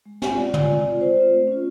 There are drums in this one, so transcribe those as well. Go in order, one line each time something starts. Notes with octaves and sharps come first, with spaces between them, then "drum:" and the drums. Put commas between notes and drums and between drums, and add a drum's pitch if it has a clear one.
G#3
C4 F4 G#5, drum: snare
G#3 D5
C4 F4, drum: tom
G#3
C4 F4
G#3 C5
C4 F4
A3
C#4 F4